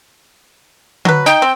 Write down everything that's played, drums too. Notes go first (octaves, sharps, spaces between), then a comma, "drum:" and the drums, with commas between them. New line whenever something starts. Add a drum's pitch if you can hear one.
F#3 B4, drum: tom D3
D#4 G5
C4